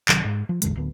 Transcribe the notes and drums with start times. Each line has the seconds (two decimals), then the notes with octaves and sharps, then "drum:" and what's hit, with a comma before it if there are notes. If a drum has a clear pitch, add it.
0.09 F#1 C3 D#3 F#3, drum: clap
0.24 G#2
0.49 F3
0.62 A1 E2 D3 G#3, drum: hi-hat
0.76 D1 D2 B3